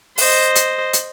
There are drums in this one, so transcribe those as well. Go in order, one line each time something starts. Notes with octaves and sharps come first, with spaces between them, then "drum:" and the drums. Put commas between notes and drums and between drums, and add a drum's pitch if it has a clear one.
C5 D#5, drum: open hi-hat
drum: hi-hat
drum: hi-hat